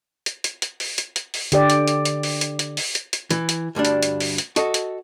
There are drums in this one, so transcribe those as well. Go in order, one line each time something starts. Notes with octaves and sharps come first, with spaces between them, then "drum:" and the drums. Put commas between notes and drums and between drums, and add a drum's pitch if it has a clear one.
drum: hi-hat
drum: hi-hat
drum: hi-hat
drum: open hi-hat
drum: hi-hat
drum: hi-hat
drum: open hi-hat
D3 G4 D5, drum: hi-hat
drum: hi-hat
drum: hi-hat
drum: hi-hat
drum: open hi-hat
drum: hi-hat
drum: hi-hat
drum: open hi-hat
drum: hi-hat
drum: hi-hat
E3, drum: hi-hat
drum: hi-hat
D2 G2 G3 D4
drum: hi-hat
drum: hi-hat
drum: open hi-hat
drum: hi-hat
F#4 A4 D#5, drum: hi-hat
drum: hi-hat